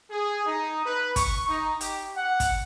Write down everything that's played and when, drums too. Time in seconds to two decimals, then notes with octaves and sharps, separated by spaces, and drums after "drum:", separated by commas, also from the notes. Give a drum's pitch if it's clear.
0.10 G#4
0.47 D#4
0.85 B4
1.16 C#6, drum: kick, hi-hat
1.48 D#4
1.81 G4, drum: hi-hat
2.16 F#5
2.40 drum: kick, hi-hat